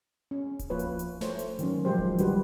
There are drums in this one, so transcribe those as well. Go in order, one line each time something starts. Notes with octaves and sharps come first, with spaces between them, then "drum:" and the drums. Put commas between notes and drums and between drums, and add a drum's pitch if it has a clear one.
C#4
drum: kick D1, hi-hat
F3 A#3 F4 B4 C#5
drum: hi-hat
drum: hi-hat
A3 C5 C#5, drum: snare
drum: hi-hat
D#3 F#3 C#4, drum: hi-hat
F3 F#3 G#3 G4 C5
drum: kick D1
D3 D#3 F#3 G3 F#4 B4, drum: hi-hat